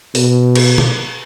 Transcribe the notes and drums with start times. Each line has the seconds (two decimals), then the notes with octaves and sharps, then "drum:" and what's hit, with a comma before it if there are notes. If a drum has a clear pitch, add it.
0.15 B2, drum: open hi-hat
0.55 drum: cymbal
0.78 drum: tom